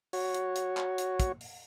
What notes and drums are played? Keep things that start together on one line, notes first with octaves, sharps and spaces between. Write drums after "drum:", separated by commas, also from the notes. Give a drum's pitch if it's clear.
F#4 C#5, drum: open hi-hat
drum: hi-hat
drum: hi-hat
drum: clap
drum: hi-hat
drum: kick, hi-hat
drum: open hi-hat